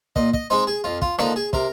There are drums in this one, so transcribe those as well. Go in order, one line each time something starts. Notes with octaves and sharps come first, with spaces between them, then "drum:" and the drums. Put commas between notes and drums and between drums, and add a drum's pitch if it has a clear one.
A#2 D#5, drum: kick
D#5, drum: kick
G#3 C4 D#4 C5
G#4
F2 F4
F4, drum: kick
D3 F3 A#3 D#4, drum: rim click
G#4
C3 A#4, drum: kick